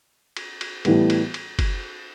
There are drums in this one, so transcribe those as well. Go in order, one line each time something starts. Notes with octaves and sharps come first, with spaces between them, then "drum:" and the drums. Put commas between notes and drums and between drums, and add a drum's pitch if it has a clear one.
drum: cymbal
drum: cymbal
A2 E3 G3 B3, drum: cymbal
drum: cymbal
drum: cymbal
drum: kick F#1, cymbal